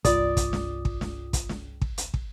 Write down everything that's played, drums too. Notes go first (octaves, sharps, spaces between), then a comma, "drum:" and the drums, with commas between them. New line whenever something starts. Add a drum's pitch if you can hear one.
C2 G2 F4 D5 D#6, drum: kick, hi-hat
drum: kick, hi-hat
drum: snare
drum: kick
drum: snare
drum: kick, hi-hat
drum: snare
drum: kick
drum: hi-hat
drum: kick